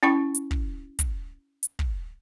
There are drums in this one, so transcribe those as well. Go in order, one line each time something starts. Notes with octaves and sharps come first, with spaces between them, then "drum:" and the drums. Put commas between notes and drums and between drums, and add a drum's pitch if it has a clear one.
C#4 E4 G5 C#6
drum: hi-hat
drum: kick
drum: kick, hi-hat
drum: hi-hat
drum: kick